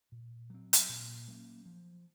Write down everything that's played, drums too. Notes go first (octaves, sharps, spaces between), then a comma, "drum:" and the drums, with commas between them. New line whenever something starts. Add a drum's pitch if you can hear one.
A#2
F#3 C4
drum: hi-hat
A#2
F#3 A#3 C#4
F3